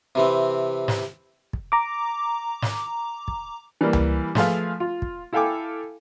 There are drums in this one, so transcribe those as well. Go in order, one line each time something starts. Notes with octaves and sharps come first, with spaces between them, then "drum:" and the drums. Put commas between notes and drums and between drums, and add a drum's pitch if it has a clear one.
C3 E3 C4
drum: snare
drum: kick
A#5 D6
drum: snare
drum: kick
E3 G3 A#3
drum: tom C#2
F3 A3 F4 G#4 B4 F5, drum: snare
F4
drum: kick
E4 A4 F5 G5 G#5 D6